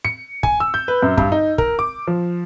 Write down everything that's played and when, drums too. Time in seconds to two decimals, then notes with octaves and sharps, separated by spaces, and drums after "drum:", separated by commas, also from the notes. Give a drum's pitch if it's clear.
0.05 C#7
0.43 G#5, drum: kick
0.60 E6
0.74 G6
0.88 B4
1.03 F#2
1.18 G2, drum: kick
1.32 D#4
1.58 A#4, drum: kick
1.79 D6
2.07 F3